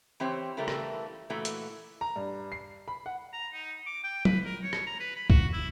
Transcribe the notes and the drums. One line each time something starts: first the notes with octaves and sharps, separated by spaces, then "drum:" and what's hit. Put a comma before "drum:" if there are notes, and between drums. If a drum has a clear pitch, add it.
E3 C4 G4 C5 C#5
C#3 E3 G3 A3 A#4
drum: rim click
A#2 E3 A3 F#4
drum: hi-hat
A#5
G2
C7
B5
F#5
A#5
D#4
D6
G5
B4, drum: tom
A#4
C#5
drum: rim click
A#5
B4
B5
F#4, drum: kick C2
E4